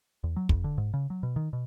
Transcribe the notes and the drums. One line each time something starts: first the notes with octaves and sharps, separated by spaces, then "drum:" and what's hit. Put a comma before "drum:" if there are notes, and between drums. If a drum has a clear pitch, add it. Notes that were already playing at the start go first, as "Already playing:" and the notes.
E2
F#3
F2, drum: kick
D3
G#2
C#3
F#3
B2
D#3
B2